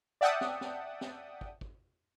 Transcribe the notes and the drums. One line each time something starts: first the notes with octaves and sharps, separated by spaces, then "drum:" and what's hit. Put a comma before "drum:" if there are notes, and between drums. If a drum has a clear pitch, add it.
D5 E5 F#5 G5 A5 D#6
drum: snare
drum: snare
drum: snare
drum: kick
drum: kick